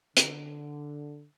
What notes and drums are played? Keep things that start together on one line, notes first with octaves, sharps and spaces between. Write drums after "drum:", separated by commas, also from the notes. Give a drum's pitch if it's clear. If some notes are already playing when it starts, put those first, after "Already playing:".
D3, drum: hi-hat